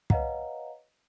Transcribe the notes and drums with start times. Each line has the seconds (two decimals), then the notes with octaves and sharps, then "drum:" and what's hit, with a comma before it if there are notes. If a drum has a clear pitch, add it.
0.10 B4 C#5 D#5 F5 F#5 A#5, drum: kick